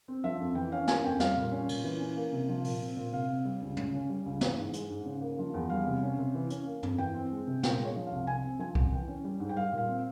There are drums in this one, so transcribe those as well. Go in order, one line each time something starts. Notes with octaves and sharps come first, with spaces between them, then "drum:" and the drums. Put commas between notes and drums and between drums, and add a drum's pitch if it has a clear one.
C4
F3 E5
F2
E3 G5
C#4 F5
A#3 G#5, drum: snare
F2 G5
G3 F5, drum: snare
A#2
C#4
A#2, drum: cymbal
E3
C#4
A#3
C3
F3
A#2, drum: open hi-hat
C4
A#2
C3 F5
C4
G3
C#2
C#3, drum: tom
C#4
G3
C#2
E3, drum: snare
G#2
G#3, drum: hi-hat
G#2
C#3
A#3
F3
E2
G3 F5
C3
C#4
C3
E3
C#4, drum: hi-hat
A#3
F2, drum: tom
E3 G5
C4
G#3
C3
A#2 G5, drum: snare
G#3
C#5
F3
F5
C2
C3 G#5
C4
F3 G#5
C2, drum: kick C2
E3 G5
C#4
G3
G#2
G5
G3 F5
A#2
F5
C4